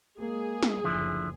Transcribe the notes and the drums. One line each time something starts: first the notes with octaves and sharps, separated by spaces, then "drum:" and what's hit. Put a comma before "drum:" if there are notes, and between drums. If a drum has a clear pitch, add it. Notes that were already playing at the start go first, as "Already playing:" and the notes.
G#3 A#3 G#4
drum: snare
F#1 D2 D3 F3 E4